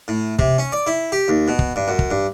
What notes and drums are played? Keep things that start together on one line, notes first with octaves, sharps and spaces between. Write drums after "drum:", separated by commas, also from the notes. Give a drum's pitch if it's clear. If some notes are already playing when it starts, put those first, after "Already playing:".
A2
C3, drum: kick
C#4
D5
E4
G4
D#2
B2
drum: kick
G2
F#2
drum: kick
G2